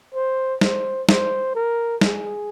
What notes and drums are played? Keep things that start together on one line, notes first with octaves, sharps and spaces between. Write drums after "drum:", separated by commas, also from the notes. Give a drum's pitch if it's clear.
C5
C5, drum: snare
C5, drum: snare
A#4
G#4, drum: snare